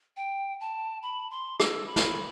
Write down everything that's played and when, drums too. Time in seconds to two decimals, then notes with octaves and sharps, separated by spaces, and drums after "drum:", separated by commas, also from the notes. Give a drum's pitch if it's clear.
0.17 G5
0.60 A5
1.03 B5
1.31 C6
1.60 E6, drum: rim click
1.87 B5
1.96 drum: snare